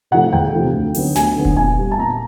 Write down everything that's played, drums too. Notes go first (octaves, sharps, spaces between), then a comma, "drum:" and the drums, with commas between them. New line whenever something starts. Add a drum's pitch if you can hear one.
C3 F3 A3 F#5
E2 G5
C3 F3 A3
D2
D3 F#3 B3, drum: open hi-hat
D2 G#5, drum: snare
D3 F#3 B3
drum: kick E1
A#2 G#5
G3 B3
A5
A#2 A#5